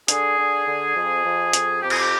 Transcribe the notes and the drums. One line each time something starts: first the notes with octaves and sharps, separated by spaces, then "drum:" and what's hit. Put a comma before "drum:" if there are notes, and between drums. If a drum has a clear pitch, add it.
D3 G#4, drum: hi-hat
D3
D3
F2
F2
F2, drum: hi-hat
F2 G4
G#4, drum: cymbal
G4